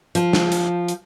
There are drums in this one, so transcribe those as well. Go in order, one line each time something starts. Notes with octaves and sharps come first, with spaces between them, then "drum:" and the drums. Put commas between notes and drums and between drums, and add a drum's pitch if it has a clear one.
F3, drum: hi-hat
drum: snare
drum: hi-hat
drum: hi-hat